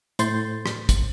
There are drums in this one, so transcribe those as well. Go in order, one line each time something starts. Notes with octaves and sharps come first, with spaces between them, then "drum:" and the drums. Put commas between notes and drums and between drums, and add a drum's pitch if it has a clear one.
A2 C5 C6 G6 A6, drum: hi-hat
drum: rim click
drum: kick, hi-hat